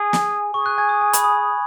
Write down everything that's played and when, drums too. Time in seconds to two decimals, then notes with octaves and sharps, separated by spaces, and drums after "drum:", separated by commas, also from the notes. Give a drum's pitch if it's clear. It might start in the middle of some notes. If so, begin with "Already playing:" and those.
Already playing: G#4 G#5
0.13 drum: snare
0.54 G#4 C#6
0.66 F#6
0.78 G#5 G#6
0.89 D#6
1.01 G#5
1.13 B5, drum: hi-hat
1.24 D#6